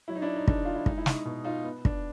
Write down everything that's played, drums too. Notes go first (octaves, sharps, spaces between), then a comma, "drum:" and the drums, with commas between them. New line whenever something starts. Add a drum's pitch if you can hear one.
F#3 E4
D#4
D4 E4
D#4
D3 D4, drum: kick
F4
E4
G#3 D#4, drum: kick
E4
D#4, drum: snare
B2
D#4 F4
B3
D4, drum: kick